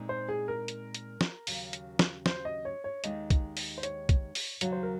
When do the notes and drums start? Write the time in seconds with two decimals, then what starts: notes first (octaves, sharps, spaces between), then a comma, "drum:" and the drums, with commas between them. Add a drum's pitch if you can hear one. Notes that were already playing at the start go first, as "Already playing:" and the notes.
Already playing: A#2 G#3 C4 D#4
0.09 C5
0.29 G#4
0.48 A#4
0.68 drum: hi-hat
0.94 drum: hi-hat
1.21 drum: snare
1.47 D#2 C#3 F#3, drum: open hi-hat
1.73 drum: hi-hat
1.99 drum: snare
2.26 C5, drum: snare
2.45 D#5
2.65 C#5
2.84 C#5
3.04 D#2 D#3 G#3 D#4 D#5, drum: hi-hat
3.30 drum: kick, hi-hat
3.57 drum: open hi-hat
3.78 C5
3.83 C#5, drum: hi-hat
4.09 drum: kick, hi-hat
4.35 drum: open hi-hat
4.61 D#2 C#3 F#3 C#5, drum: hi-hat
4.72 C5
4.83 A#4